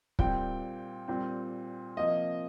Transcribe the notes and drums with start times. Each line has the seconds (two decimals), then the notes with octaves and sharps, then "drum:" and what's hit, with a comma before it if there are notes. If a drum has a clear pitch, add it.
0.19 A#2 G3 C4 G5, drum: kick
1.08 A#2 G3 C4
1.97 C3 F3 A#3 D#5